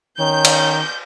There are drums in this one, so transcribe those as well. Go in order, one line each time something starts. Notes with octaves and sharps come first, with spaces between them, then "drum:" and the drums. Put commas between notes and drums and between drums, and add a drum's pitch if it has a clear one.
D#3 C#4 G6
drum: cymbal